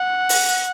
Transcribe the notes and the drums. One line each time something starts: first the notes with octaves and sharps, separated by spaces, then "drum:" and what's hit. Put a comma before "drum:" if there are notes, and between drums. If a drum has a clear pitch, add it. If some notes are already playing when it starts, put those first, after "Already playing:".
Already playing: F#5
drum: open hi-hat